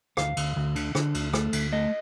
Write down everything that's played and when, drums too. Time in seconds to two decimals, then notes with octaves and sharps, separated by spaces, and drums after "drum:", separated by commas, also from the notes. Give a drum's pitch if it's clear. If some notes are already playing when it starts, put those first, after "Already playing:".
0.17 D2 F5, drum: rim click
0.37 D2, drum: cymbal
0.56 D2
0.76 D3, drum: cymbal
0.95 D3, drum: rim click
1.14 D2, drum: cymbal
1.33 A3, drum: rim click
1.53 D2, drum: cymbal
1.72 A3 D#5